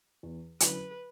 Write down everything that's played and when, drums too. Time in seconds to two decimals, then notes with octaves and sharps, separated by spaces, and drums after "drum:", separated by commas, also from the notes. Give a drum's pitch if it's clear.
0.23 E2
0.60 D3 F#3 C#4 E4 B4, drum: hi-hat